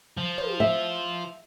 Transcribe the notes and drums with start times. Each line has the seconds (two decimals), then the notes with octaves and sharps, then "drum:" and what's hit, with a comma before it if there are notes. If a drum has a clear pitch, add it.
0.17 F3
0.38 drum: tom
0.60 E5